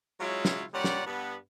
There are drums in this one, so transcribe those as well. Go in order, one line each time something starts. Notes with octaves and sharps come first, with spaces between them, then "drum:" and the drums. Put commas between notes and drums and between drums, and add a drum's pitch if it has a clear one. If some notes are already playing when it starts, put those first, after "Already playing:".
F#3 G#3 C#4 E4 F4
drum: snare
A#2 G3 C#4 D5 F#5
drum: snare
G2 B3